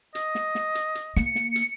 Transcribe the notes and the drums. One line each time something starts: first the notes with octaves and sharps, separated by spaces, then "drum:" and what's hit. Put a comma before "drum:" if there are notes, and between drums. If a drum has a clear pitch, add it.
D#5, drum: hi-hat
drum: snare
drum: snare
drum: hi-hat
drum: hi-hat
A#3 C#7, drum: snare
drum: snare
drum: hi-hat